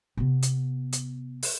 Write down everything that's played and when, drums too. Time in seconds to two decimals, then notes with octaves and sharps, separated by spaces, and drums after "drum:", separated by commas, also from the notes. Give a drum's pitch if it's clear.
0.17 C3 B3
0.42 drum: hi-hat
0.93 drum: hi-hat
1.43 drum: open hi-hat